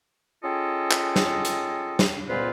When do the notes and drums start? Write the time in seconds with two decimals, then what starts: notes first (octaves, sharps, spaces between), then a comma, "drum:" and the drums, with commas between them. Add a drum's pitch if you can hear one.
0.44 C#4 F4 G#4 A4 D#5 G5
0.91 drum: clap
1.16 drum: snare
1.45 drum: hi-hat
1.99 drum: snare
2.28 C#2 A#2 B3 F4 B4 C5